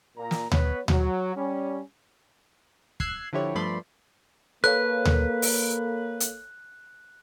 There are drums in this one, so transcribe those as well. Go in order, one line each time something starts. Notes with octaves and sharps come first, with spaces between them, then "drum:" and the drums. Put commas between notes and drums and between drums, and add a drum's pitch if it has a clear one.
A#2 A#3 A#5
drum: snare
B3 B4 C#5, drum: tom D2
F#3, drum: tom D2
G3 C#4
E6 F#6 G#6 C7, drum: kick
D3 F3 E4 G4 C#5
G2 F3 A3 D5 B5 C6
A#3 A4 B4 C#5 F5 F#6
drum: tom D2
drum: open hi-hat
drum: hi-hat